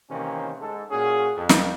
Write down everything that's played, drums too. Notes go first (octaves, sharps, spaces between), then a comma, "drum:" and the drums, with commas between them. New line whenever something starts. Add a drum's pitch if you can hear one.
C3 D#3 E3 A#3 C4 C#4
G#2 A4
A#2 C#4 F#4 G#4
F2
drum: snare